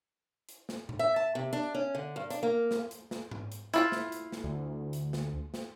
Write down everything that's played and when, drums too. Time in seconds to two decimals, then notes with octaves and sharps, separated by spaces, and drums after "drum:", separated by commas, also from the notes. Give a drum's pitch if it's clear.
0.49 drum: hi-hat
0.69 drum: snare
0.89 drum: tom A2
0.99 E5
1.16 A5
1.35 C3
1.53 D4
1.75 C#4
1.95 D3
2.16 G2
2.30 D4, drum: hi-hat
2.43 A#3
2.71 drum: snare
2.91 drum: hi-hat
3.11 drum: snare
3.31 drum: tom G#2
3.52 drum: hi-hat
3.74 E4 F4 E5, drum: hi-hat
3.92 drum: snare
4.12 drum: hi-hat
4.32 drum: snare
4.44 D2
4.93 drum: hi-hat
5.13 drum: snare
5.54 drum: snare